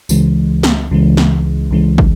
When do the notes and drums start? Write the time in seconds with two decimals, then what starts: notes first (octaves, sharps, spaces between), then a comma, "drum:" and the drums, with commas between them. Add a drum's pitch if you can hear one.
0.09 C#2 C#3 E3 G#3, drum: tambourine
0.63 drum: snare
0.91 C#2 C#3 E3 G#3
1.17 drum: snare
1.71 C#2 C#3 E3 G#3
1.98 drum: kick